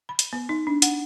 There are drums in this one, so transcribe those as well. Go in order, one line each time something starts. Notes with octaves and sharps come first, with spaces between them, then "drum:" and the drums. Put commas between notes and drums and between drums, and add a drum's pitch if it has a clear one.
B5
drum: hi-hat
B3
D#4
D4
F#5, drum: hi-hat